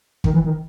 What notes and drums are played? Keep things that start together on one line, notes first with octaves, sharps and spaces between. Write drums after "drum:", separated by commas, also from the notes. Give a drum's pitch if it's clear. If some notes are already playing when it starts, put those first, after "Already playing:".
D#3, drum: kick
E3
D#3